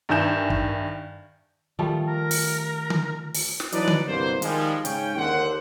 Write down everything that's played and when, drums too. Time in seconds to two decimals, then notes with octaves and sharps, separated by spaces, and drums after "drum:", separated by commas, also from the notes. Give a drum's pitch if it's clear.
0.09 G2 D#3 E5 G#5 G6 E7
0.50 drum: kick
1.79 D#3 F3 G3 A3
2.07 A#4
2.31 drum: open hi-hat
2.90 drum: tom D3
3.35 drum: open hi-hat
3.60 drum: snare
3.72 E3 F#3 D4 D#4 B4 D5, drum: hi-hat
3.88 drum: tom D3
4.07 C2 G2 B2 A#3 C5
4.42 D#3 F3 G3 G#3, drum: hi-hat
4.85 G#2 C#3 C#4 C#5 G5, drum: hi-hat
5.17 D#2 D3 C5 F#5